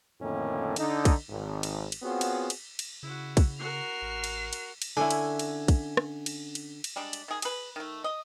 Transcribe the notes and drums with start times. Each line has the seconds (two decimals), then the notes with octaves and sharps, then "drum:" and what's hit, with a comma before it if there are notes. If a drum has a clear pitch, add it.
0.21 F2 A2 D3 D#3 A#3 C#4
0.76 D3 D#4, drum: cymbal
1.05 drum: kick, cymbal
1.29 G#1
1.63 drum: cymbal
1.92 drum: cymbal
2.02 B3 C4 F4 F#4 G#4 C#5
2.21 drum: cymbal
2.50 drum: cymbal
2.79 drum: cymbal
3.03 C#3 E4 F#4
3.37 drum: kick, cymbal
3.59 F#4 A#4 F6 C7
4.02 A1
4.24 drum: cymbal
4.53 drum: cymbal
4.82 drum: cymbal
4.97 D3 C#4 E4 G#5
5.11 drum: cymbal
5.39 drum: cymbal
5.68 drum: kick, cymbal
5.97 drum: rim click
6.26 drum: cymbal
6.55 drum: cymbal
6.84 drum: cymbal
6.96 G3 G#3 D4
7.13 drum: cymbal
7.28 D#3 G#4
7.42 G#4 B4, drum: cymbal
7.76 D#3 A3
8.04 D#5